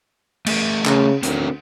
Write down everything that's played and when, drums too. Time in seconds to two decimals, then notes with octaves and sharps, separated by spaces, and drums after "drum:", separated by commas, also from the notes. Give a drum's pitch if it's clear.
0.46 A3 G#4 A#4, drum: cymbal
0.86 C#3, drum: clap
1.23 D2 C4 C#4 A#4, drum: hi-hat